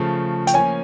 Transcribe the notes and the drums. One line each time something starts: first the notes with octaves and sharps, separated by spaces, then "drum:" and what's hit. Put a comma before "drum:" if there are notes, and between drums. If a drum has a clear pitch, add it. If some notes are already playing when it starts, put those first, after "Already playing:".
Already playing: C#3 F3 A3 A5
G5, drum: hi-hat
F3 A#3 C#4 G#5